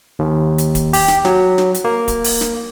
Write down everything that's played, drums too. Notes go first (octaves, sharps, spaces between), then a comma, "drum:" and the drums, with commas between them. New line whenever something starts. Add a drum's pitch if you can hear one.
D#2
drum: hi-hat
drum: kick D1, hi-hat
G4, drum: open hi-hat
drum: snare
F#3, drum: snare
drum: snare
drum: hi-hat
A#3
drum: kick D1, hi-hat
drum: open hi-hat
drum: snare